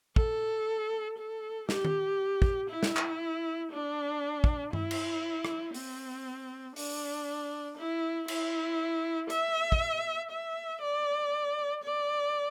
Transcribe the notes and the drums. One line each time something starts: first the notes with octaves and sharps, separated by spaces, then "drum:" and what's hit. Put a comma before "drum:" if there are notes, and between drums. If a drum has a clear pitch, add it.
A4, drum: kick
A4
G4, drum: snare
drum: tom D#3
drum: kick
E4
drum: snare
drum: clap
D4
drum: kick
E4, drum: tom G2
drum: cymbal
drum: rim click
C4, drum: open hi-hat
D4, drum: open hi-hat
E4
E4, drum: cymbal
E5, drum: hi-hat
drum: kick
E5
D5
D5